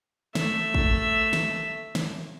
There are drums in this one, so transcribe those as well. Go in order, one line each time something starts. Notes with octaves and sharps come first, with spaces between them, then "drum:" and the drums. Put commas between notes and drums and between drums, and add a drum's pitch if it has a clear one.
A3 E5, drum: snare
drum: kick
drum: snare
drum: snare